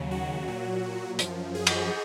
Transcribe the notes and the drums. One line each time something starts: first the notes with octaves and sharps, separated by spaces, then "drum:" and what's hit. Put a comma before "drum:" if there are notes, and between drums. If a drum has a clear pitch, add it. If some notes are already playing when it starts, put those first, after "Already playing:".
Already playing: D#2 C#3 F#3
F#4
A#2 F#3
F#2 F3, drum: hi-hat
G#4
drum: cymbal